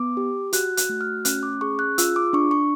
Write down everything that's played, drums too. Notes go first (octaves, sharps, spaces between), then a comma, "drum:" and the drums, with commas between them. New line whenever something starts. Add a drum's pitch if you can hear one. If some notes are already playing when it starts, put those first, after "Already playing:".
Already playing: B3 D6
G4
F#4 F#6, drum: hi-hat
F#6, drum: hi-hat
A3
F6
C#4 F#6, drum: hi-hat
D6
G#4 C#6
F#6
F4 E6, drum: hi-hat
D6
D4 C#6
C#6